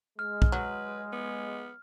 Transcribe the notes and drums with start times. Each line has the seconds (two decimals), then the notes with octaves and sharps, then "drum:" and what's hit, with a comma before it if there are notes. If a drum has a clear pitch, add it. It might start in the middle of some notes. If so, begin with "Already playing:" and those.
0.19 G#3 F6
0.42 drum: kick
0.52 F#3 B4
1.13 B3